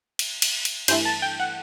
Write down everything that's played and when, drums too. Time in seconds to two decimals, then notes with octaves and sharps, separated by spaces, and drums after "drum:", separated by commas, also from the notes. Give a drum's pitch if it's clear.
0.19 drum: cymbal
0.42 drum: cymbal
0.65 drum: cymbal
0.88 G2 E3 A3 C5, drum: cymbal
1.05 A5
1.22 G5
1.39 F#5